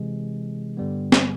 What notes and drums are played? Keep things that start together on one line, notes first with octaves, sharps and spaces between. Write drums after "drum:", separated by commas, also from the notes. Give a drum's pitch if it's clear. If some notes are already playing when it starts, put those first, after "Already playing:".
Already playing: C3 E3 G#3
G2 D3 G3 B3
drum: snare